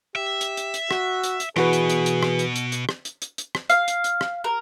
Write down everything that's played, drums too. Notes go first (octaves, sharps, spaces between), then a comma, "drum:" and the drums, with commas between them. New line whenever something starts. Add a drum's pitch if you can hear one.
G4 E5
drum: hi-hat
drum: hi-hat
drum: hi-hat
F#4, drum: rim click
drum: hi-hat
drum: hi-hat
B2 E3 F#4 G#4 B4, drum: rim click
drum: hi-hat
drum: hi-hat
drum: hi-hat
drum: rim click
drum: hi-hat
drum: hi-hat
drum: hi-hat
drum: rim click
drum: hi-hat
drum: hi-hat
drum: hi-hat
drum: rim click
F5, drum: hi-hat
drum: hi-hat
drum: hi-hat
drum: rim click
A#4